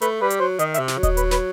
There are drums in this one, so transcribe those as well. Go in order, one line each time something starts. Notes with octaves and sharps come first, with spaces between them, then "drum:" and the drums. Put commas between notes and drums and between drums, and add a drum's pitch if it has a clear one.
A3 B4, drum: hi-hat
G3 B4
drum: hi-hat
F#3 C5
D#3 D#5, drum: hi-hat
E5, drum: hi-hat
C3
drum: snare
F#3
D#5, drum: kick D#1, hi-hat
B4, drum: hi-hat
B4, drum: snare